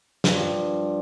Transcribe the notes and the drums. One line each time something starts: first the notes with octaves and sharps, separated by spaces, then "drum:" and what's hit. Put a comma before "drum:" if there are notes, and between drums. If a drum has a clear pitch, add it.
G2 F3, drum: snare